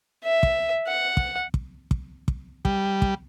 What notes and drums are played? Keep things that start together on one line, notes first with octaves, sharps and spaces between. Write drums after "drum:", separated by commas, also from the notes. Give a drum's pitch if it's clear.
E5
drum: kick
F#5
drum: kick
drum: kick
drum: kick
drum: kick
G3, drum: kick
drum: kick